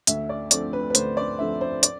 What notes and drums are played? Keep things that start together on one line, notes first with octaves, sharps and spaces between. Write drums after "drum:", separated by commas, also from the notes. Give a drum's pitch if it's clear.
D2 E5, drum: hi-hat
D5
D3 F3 A3 C4 D5, drum: hi-hat
B4
B4
D2 C5, drum: hi-hat
D5
D3 F3 A3 C4 E5
C5
D5, drum: hi-hat